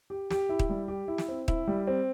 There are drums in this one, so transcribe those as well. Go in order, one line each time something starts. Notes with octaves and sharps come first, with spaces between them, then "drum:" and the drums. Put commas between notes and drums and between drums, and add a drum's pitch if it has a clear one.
G4
G4, drum: snare
E4
drum: kick D#1
G3
G4
E4
drum: snare
C4
E4, drum: kick D#1
G3
C4